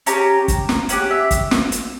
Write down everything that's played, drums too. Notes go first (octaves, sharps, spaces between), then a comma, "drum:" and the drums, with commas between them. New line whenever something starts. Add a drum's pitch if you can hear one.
C#4 G4 A#5, drum: hi-hat
drum: kick, hi-hat
drum: snare
C#4 G4 F#5, drum: hi-hat
E5
drum: kick, hi-hat
drum: snare
drum: hi-hat